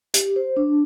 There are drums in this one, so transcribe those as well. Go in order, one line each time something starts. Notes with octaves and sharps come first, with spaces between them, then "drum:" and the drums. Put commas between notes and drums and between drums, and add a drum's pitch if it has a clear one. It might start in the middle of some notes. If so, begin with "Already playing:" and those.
G4, drum: hi-hat
C5
D4